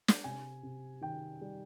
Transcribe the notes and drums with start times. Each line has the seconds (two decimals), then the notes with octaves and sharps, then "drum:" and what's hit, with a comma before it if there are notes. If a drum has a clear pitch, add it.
0.08 drum: snare
0.24 C3 G#5
0.63 C3
1.01 D#3 G5
1.41 G3